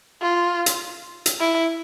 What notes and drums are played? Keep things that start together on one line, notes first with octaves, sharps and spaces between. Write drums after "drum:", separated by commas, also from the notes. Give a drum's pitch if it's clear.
F4
drum: hi-hat
drum: hi-hat
E4